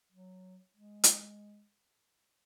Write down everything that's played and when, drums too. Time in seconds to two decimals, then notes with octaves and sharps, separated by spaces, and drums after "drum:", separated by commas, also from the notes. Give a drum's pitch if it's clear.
0.12 F#3
0.75 G#3
1.04 drum: hi-hat